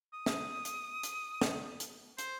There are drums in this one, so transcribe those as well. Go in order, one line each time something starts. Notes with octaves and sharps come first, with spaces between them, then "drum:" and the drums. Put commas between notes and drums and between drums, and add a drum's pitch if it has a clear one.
D#6
drum: snare
drum: hi-hat
drum: hi-hat
drum: snare
drum: hi-hat
C5, drum: hi-hat